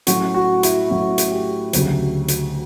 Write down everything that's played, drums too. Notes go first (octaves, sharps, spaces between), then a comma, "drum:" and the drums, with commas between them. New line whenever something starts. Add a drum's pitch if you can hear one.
A2 F#3 C#4 F#4, drum: hi-hat
F#4
E4, drum: hi-hat
A2 F#3 C#4 F#4
drum: hi-hat
G4
D2 C#3 F#3, drum: hi-hat
drum: hi-hat